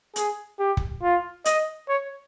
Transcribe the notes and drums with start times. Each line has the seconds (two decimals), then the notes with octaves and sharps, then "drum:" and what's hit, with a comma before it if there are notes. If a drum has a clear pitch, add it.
0.16 G#4, drum: hi-hat
0.59 G4
0.77 drum: kick
1.03 F4
1.45 D#5, drum: hi-hat
1.89 C#5